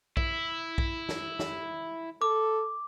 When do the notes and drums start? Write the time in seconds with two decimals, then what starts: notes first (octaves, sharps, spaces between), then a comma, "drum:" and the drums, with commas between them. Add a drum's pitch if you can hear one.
0.17 E4, drum: kick A#1
0.78 drum: kick A#1
1.09 drum: snare
1.39 drum: snare
2.22 A4 D6